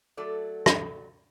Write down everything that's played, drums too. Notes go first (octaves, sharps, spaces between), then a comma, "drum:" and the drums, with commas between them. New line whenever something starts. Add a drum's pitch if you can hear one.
F#3 A3 A4 D5
drum: rim click